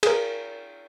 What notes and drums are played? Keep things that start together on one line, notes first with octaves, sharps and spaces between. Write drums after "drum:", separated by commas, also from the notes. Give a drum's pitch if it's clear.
G#4 A#4, drum: cymbal